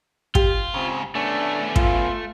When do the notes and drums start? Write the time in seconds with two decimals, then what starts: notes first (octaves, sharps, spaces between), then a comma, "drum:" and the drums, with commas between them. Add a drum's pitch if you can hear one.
0.35 F4 G4, drum: kick
0.74 G#2 C#3 C4
1.15 A3 B3 C#4 D4
1.76 F4, drum: kick